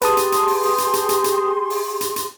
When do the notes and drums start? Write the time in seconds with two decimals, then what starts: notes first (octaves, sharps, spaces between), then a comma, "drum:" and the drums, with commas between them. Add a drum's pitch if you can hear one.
0.02 G4 G#4 B4 A5 C6 D#6, drum: hi-hat
0.17 drum: hi-hat
0.32 drum: hi-hat
0.48 drum: open hi-hat
0.63 drum: open hi-hat
0.78 drum: hi-hat
0.93 drum: hi-hat
1.09 drum: hi-hat
1.24 drum: hi-hat
1.70 drum: open hi-hat
2.01 drum: hi-hat
2.16 drum: hi-hat